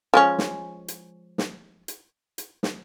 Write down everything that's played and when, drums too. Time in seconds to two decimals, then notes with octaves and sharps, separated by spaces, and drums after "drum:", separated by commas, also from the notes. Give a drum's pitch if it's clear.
0.14 F3 G#3 C#4
0.38 drum: snare
0.88 drum: hi-hat
1.38 drum: snare
1.88 drum: hi-hat
2.38 drum: hi-hat
2.63 drum: snare